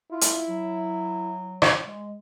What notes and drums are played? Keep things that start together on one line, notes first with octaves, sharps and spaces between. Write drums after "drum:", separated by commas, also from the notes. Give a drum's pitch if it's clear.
E4 F4
drum: hi-hat
F#3
drum: rim click
G#3